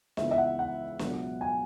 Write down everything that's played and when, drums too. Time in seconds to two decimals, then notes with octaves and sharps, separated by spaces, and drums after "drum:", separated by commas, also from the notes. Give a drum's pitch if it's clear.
0.17 C#2 C#3 E3 B3 E5, drum: snare
0.31 E5
0.38 F#5
0.59 F#5
0.99 C#2 B2 F#3, drum: snare
1.41 G#5